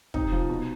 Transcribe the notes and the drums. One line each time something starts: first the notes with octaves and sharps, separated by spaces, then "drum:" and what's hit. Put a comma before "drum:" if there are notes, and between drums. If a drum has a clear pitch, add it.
C3 D#4, drum: kick
F3
B2